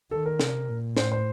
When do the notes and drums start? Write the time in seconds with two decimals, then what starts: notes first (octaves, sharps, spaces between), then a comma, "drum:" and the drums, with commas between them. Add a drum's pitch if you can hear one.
0.11 D#3 A4
0.26 A#4
0.40 C3, drum: snare
0.68 A#2
0.97 A2 C5, drum: snare
1.12 C5